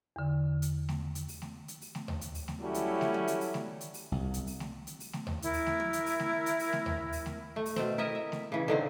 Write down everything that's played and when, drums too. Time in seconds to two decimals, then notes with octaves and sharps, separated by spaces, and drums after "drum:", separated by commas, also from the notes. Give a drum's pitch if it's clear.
0.16 E2 D3
0.62 drum: hi-hat
0.89 drum: snare A3
1.15 drum: hi-hat
1.28 drum: open hi-hat
1.42 drum: snare A3
1.68 drum: hi-hat
1.81 drum: open hi-hat
1.95 drum: snare A3
2.08 drum: tom D#2
2.21 drum: hi-hat
2.35 drum: open hi-hat
2.48 drum: snare A3
2.61 F#3 G3 A3 C#4 E4
2.74 drum: hi-hat
3.01 drum: snare A3
3.14 drum: tom
3.28 drum: hi-hat
3.41 drum: open hi-hat
3.54 drum: snare A3
3.81 drum: hi-hat
3.94 drum: open hi-hat
4.12 C2
4.34 drum: hi-hat
4.47 drum: open hi-hat
4.60 drum: snare A3
4.87 drum: hi-hat
5.00 drum: open hi-hat
5.13 drum: snare A3
5.27 drum: tom D#2
5.42 E4 A#4, drum: hi-hat
5.53 drum: open hi-hat
5.66 drum: snare A3
5.80 drum: tom
5.93 drum: hi-hat
6.06 drum: open hi-hat
6.20 drum: snare A3
6.46 drum: hi-hat
6.59 drum: open hi-hat
6.73 drum: snare A3
6.86 drum: tom D#2
7.12 drum: open hi-hat
7.26 drum: snare A3
7.56 A3
7.66 drum: open hi-hat
7.76 B2 C4, drum: snare A3
7.98 E4 A#4 D#5 E5
8.15 E5
8.32 drum: snare A3
8.52 C#3 E3
8.68 D3 D#3 C4